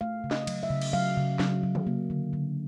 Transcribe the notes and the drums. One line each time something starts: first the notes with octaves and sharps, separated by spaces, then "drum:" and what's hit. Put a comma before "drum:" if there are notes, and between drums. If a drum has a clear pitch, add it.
A3 F5
C#3
D#5, drum: snare
F#3, drum: cymbal
E5
C#3
drum: cymbal
F#3 F5
C#3
F#3, drum: snare
F#3
drum: tom C3
A#3
D3
D3